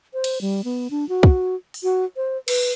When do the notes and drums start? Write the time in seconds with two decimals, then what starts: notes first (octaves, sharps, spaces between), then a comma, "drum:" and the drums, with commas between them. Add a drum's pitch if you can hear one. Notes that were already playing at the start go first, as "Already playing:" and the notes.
0.14 C5
0.24 drum: cymbal
0.41 G3
0.64 B3
0.91 D4
1.09 F#4
1.23 drum: kick
1.74 drum: open hi-hat
1.83 F#4
2.17 C5
2.48 B4, drum: cymbal